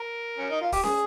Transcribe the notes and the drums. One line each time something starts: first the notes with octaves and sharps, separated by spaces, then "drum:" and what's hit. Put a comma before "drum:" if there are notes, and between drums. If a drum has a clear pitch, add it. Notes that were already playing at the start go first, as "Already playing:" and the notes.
Already playing: A#4
C#4
D#4
F4
G4, drum: kick, open hi-hat
G#4, drum: snare